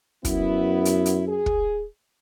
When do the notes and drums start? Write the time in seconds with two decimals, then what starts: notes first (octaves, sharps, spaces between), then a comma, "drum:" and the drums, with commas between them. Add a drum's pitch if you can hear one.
0.25 F#2 B3 E4, drum: kick, hi-hat
0.85 drum: hi-hat
1.06 drum: hi-hat
1.28 G#4
1.46 drum: kick